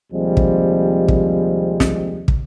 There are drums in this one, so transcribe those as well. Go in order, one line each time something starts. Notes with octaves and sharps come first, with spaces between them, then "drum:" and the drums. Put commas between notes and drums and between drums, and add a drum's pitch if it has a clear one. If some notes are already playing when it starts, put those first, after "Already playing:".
D#2 C3 F3 G3 G#3 C4
drum: kick
drum: kick
drum: snare
drum: kick